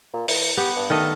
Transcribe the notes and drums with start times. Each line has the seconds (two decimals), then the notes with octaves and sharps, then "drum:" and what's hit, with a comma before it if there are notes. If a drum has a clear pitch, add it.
0.13 A#2
0.28 E3, drum: open hi-hat
0.57 B3 G4
0.76 G2
0.90 D#3 A3 D#5